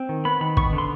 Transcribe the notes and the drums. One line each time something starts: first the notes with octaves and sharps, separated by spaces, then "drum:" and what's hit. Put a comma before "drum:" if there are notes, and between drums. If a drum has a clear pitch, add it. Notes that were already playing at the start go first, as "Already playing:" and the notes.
Already playing: C4
D#3
B3 B5
D#3 B5
B3 C#6, drum: kick
D3
C6